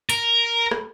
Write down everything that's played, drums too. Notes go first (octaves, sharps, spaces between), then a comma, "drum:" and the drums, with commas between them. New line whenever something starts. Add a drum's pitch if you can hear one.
A#4, drum: hi-hat
drum: rim click